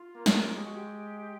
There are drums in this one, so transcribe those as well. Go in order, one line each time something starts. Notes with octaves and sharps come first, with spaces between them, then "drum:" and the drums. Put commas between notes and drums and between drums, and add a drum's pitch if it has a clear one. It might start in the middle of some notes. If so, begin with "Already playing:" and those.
Already playing: F4
A#3
drum: snare
G#3 G4
F#4
G4